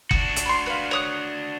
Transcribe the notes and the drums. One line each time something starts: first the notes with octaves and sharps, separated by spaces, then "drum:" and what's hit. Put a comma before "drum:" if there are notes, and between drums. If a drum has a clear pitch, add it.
D4 F#4, drum: kick F#1
drum: hi-hat
B5 C6
B4 F5
C#5 D#6 F#6